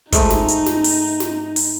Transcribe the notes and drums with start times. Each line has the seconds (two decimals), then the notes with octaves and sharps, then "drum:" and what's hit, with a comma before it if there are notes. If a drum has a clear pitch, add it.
0.12 G#2 G#3 A3 D#4, drum: kick, hi-hat
0.30 drum: snare
0.48 drum: hi-hat
0.66 drum: snare
0.84 drum: open hi-hat
1.20 drum: snare
1.56 drum: open hi-hat